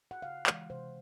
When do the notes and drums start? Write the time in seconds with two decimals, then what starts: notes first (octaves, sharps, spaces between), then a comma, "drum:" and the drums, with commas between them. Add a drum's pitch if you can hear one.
0.11 F#5
0.22 C#3 F5
0.47 E3 G#3, drum: clap
0.70 C3 C5